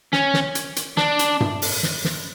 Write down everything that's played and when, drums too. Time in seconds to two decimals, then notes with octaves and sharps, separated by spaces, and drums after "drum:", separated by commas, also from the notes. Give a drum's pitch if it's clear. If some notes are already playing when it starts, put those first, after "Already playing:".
0.13 C#4, drum: snare
0.34 drum: snare
0.55 drum: hi-hat
0.76 drum: hi-hat
0.97 D4, drum: snare
1.19 drum: hi-hat
1.40 drum: tom G2
1.62 drum: open hi-hat
1.83 drum: snare
2.05 drum: snare